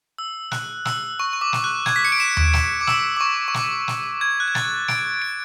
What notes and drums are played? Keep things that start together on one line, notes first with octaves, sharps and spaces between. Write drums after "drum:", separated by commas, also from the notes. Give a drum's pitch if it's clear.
E6
F#6, drum: snare
E6, drum: snare
C#6
C#6
D6
drum: snare
F#6
G#6, drum: snare
B6
C#7
D7
E7
drum: tom D#2
D7, drum: snare
D6
E6, drum: snare
D6
C#6
C#6
D6, drum: snare
drum: snare
G#6
F#6
G#6
A6, drum: snare
D7, drum: snare
D7